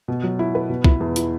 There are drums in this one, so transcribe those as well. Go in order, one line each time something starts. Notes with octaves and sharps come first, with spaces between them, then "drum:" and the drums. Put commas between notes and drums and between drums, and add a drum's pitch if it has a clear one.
B2
F#3
E4
B4
B2
E4, drum: kick
E2
E4, drum: hi-hat